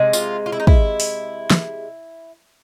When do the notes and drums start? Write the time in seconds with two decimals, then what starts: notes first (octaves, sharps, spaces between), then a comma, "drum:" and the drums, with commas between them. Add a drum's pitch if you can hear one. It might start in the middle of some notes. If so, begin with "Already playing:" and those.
Already playing: C3 G#3
0.13 F4, drum: tambourine
0.46 F4
0.52 E4
0.60 D#4
0.67 E4, drum: kick
1.00 drum: open hi-hat
1.50 drum: snare